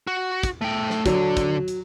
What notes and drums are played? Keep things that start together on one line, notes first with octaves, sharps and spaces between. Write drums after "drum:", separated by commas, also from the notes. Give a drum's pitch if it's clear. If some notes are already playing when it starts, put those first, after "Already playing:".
F#4
drum: kick, hi-hat
A3 G5
drum: snare
D3 F#3, drum: kick, hi-hat
drum: kick, hi-hat
drum: hi-hat